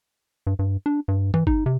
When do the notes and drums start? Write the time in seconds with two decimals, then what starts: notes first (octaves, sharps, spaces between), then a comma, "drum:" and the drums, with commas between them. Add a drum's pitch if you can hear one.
0.47 G2
0.59 G2
0.86 D4
1.08 G2
1.34 E3, drum: tom G2
1.47 D#4, drum: kick G1
1.66 C3